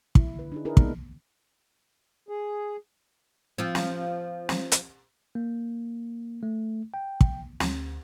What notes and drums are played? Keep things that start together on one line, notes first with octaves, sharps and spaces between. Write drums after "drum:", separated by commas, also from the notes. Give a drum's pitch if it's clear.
E4, drum: kick
D3 B4
D4 D#4 G#4
D4 E4 G#4 A#4 B4
G#3 A#3 B3 D#4, drum: kick
G#4
F3 C4
drum: snare
drum: snare
drum: hi-hat
A#3
A3
G5
drum: kick
D2, drum: snare